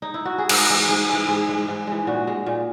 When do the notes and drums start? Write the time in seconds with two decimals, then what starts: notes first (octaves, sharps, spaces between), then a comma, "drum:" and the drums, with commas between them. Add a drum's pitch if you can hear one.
0.02 D#4
0.14 E4
0.25 F#4
0.38 G#4
0.49 G#2 A#4, drum: cymbal
0.70 E3 G#3
0.89 G#2 G#4
1.09 E3 G#3
1.28 G#2 G#4
1.49 E3 G#3
1.68 G#2
1.87 E3 G#3
2.07 A#2 F#4
2.27 G#3
2.46 A#2